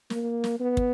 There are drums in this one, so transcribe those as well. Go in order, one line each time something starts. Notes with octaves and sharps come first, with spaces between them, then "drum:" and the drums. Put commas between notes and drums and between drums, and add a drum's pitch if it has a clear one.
A#3, drum: snare
drum: snare
B3
drum: kick